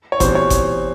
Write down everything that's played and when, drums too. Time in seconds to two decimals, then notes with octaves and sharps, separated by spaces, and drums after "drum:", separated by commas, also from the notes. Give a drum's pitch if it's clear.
0.12 C#5
0.20 E2 B2 G3 C4 C5, drum: kick G1, hi-hat
0.35 C#5
0.50 drum: kick G1, hi-hat